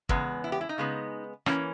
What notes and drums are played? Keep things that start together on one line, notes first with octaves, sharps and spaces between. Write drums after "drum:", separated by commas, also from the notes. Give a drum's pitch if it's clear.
E2 C#3 G#3 B3, drum: kick
E4
G4
E4
D#4
C#3 G#3 B3
E3 A#3 C#4, drum: rim click